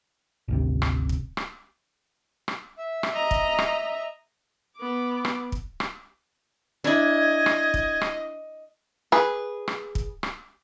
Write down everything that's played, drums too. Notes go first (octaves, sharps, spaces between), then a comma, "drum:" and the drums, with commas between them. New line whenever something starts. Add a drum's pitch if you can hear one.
G#1 D2 C3
drum: rim click
drum: kick
drum: rim click
drum: rim click
E5
drum: rim click
D#5 A#5
drum: kick
drum: rim click
B3 D6
drum: rim click
drum: kick
drum: rim click
D4 E4 D#5 G#6
drum: rim click
drum: kick
drum: rim click
G#4 B4, drum: rim click
drum: rim click
drum: kick
drum: rim click